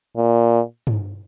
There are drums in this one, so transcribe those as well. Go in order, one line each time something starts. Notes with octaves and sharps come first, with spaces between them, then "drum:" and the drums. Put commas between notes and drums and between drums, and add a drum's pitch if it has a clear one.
A#2
drum: tom